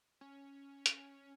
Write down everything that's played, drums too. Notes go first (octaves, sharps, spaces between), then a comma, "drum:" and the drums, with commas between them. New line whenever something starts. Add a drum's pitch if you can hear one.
C#4
drum: hi-hat